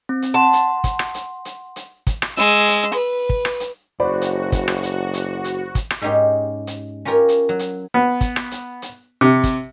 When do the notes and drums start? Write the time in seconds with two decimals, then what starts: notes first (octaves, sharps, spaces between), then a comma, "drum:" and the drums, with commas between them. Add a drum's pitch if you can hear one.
0.09 C4
0.22 drum: hi-hat
0.34 F#5 A5 C6
0.53 drum: hi-hat
0.84 drum: kick, hi-hat
0.99 drum: rim click
1.15 drum: hi-hat
1.45 drum: hi-hat
1.76 drum: hi-hat
2.07 drum: kick, hi-hat
2.22 drum: rim click
2.37 G#3 E6
2.68 drum: hi-hat
2.94 B4
3.29 drum: kick
3.45 drum: rim click
3.60 drum: hi-hat
4.00 F#1 F#4 C5 D5 B5
4.22 drum: hi-hat
4.52 drum: kick, hi-hat
4.68 drum: rim click
4.83 drum: hi-hat
5.14 drum: hi-hat
5.44 drum: hi-hat
5.75 drum: kick, hi-hat
5.90 drum: rim click
6.02 G#2 G#3 C#4 D#4 G4
6.67 drum: hi-hat
7.05 C#4 F4 G4 A#4 C#5
7.29 drum: hi-hat
7.49 F#3
7.59 drum: hi-hat
7.94 B3
8.21 drum: kick, hi-hat
8.36 drum: rim click
8.51 drum: hi-hat
8.82 drum: hi-hat
9.21 C3
9.44 drum: kick, hi-hat